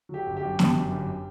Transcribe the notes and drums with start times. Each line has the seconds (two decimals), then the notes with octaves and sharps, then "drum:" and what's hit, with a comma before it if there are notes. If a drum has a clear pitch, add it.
0.09 F#3 G4
0.26 G1
0.37 G4
0.42 F#2
0.59 G1, drum: snare
0.75 F#2
0.92 G1